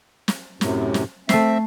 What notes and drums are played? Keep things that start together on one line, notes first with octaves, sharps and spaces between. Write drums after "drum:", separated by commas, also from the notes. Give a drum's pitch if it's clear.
drum: snare
F#2 A2 C3, drum: snare
drum: snare
A3 C4 E5 C7, drum: snare